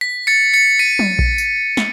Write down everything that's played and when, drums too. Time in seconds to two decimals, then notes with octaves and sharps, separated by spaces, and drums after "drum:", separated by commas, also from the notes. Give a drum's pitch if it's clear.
0.01 B6
0.27 A6 C#7
0.54 A6 C#7
0.79 B6 D#7
0.99 drum: tom
1.19 drum: kick A#1
1.38 drum: tambourine
1.77 drum: snare